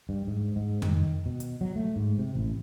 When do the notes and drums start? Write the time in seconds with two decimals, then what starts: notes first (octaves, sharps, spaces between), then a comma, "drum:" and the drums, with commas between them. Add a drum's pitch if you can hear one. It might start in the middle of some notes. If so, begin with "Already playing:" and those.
0.09 G2
0.27 G#2
0.56 G#2
0.82 D#3, drum: tom F2
1.26 B2
1.40 drum: hi-hat
1.61 F#3
1.76 A3
1.96 G#2
2.19 C3
2.35 A1